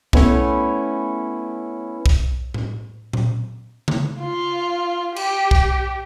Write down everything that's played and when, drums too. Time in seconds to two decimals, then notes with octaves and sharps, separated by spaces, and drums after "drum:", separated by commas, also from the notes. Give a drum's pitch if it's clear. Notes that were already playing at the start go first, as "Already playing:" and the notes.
0.13 A3 B3 C#4 E4, drum: kick B1
2.06 drum: kick B1
2.54 drum: tom A2
3.13 drum: tom A#2
3.88 drum: tom C#3
4.20 F4
5.16 G4, drum: cymbal
5.51 drum: kick B1